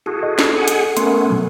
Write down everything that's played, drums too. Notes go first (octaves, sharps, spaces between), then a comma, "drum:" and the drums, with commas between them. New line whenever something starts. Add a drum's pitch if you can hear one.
E4 F#4 G#4 A4
D#5
drum: snare
G#4 F#5 G#5
drum: hi-hat
A3 B3 C#4 A#4 C6, drum: hi-hat
B2 F#3